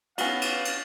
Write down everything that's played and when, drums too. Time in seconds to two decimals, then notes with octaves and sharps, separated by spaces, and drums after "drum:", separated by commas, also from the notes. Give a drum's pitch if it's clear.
0.18 B3 C#4 F#4 F5, drum: cymbal
0.42 drum: cymbal
0.65 drum: cymbal